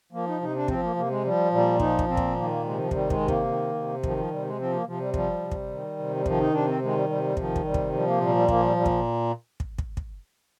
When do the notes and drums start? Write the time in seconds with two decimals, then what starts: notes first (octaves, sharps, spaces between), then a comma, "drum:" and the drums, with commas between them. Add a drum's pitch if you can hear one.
0.13 F3 A#3
0.27 D#4
0.41 C3 D#4
0.55 D4
0.68 F3 C4, drum: kick
0.83 A#3
0.96 C3 A#3
1.10 G#3
1.24 F3 G3
1.52 A#2 G3
1.80 F3 D#4, drum: kick
1.99 drum: kick
2.08 A#2 C4
2.17 drum: kick
2.36 D#3 A#3
2.50 A#3
2.64 C3 G#3
2.78 F3
2.91 D#3 G3, drum: kick
3.10 G#3, drum: kick
3.20 C3
3.28 A#3, drum: kick
3.47 D#3
3.75 C3
4.04 D#3 F3, drum: kick
4.17 F3
4.30 C3 G3
4.45 G#3
4.59 F3 C4
4.72 A#3
4.86 C3 F3
5.00 G3
5.14 F3 G3, drum: kick
5.42 C3
5.52 drum: kick
5.71 D#3
5.98 C3
6.16 G3
6.26 D#3 F3, drum: kick
6.40 D#4
6.53 C3 D4
6.67 C4
6.82 D#3 G#3
6.96 G3
7.09 C3 G3
7.23 G3
7.37 D#3 F3, drum: kick
7.56 drum: kick
7.65 C3 G3
7.74 drum: kick
7.93 F3 G3
8.07 A#3
8.21 A#2 G3
8.35 G3
8.48 F3 A#3, drum: kick
8.62 G3
8.76 A#2 G3
8.86 drum: kick
9.60 drum: kick
9.78 drum: kick
9.97 drum: kick